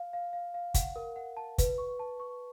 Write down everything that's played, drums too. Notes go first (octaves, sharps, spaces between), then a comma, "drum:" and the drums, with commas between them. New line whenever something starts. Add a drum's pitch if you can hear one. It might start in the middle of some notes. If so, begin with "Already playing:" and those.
Already playing: F5
F5
F5
F5
F#5, drum: kick, hi-hat
A#4
F#5
A5
B4, drum: kick, hi-hat
C#6
A5
C#6